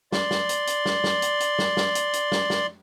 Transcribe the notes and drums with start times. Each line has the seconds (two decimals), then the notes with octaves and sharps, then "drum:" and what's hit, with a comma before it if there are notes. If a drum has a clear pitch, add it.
0.12 D5 C6, drum: snare
0.31 drum: snare
0.49 drum: hi-hat
0.67 drum: hi-hat
0.86 drum: snare
1.04 drum: snare
1.22 drum: hi-hat
1.40 drum: hi-hat
1.59 drum: snare
1.77 drum: snare
1.95 drum: hi-hat
2.13 drum: hi-hat
2.32 drum: snare
2.50 drum: snare